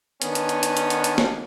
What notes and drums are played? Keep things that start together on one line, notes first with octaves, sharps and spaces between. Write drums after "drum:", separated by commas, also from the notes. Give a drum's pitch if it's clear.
D#3 B3 C#4 D4, drum: hi-hat
drum: hi-hat
drum: hi-hat
drum: hi-hat
drum: hi-hat
drum: hi-hat
drum: hi-hat
drum: snare